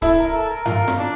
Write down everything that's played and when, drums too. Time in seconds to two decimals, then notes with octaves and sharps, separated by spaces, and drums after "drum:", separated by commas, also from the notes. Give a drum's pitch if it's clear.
0.02 E4 A4, drum: kick C#1, hi-hat
0.18 A#4
0.34 A4
0.50 A#4
0.66 F4 A#4, drum: tom G2
0.88 drum: snare
0.98 D4